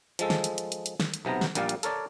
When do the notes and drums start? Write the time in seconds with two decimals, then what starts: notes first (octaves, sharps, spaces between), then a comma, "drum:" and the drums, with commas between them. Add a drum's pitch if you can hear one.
0.19 F3 G#3 A4, drum: hi-hat
0.30 drum: snare
0.44 drum: hi-hat
0.58 drum: hi-hat
0.72 drum: hi-hat
0.86 drum: hi-hat
1.00 drum: snare
1.14 drum: hi-hat
1.25 B1 C3 B3 A#5
1.41 drum: snare
1.55 A#1 A#2 G3 D5 F5, drum: hi-hat
1.69 drum: hi-hat
1.83 A4 A#4 C#5 D5, drum: hi-hat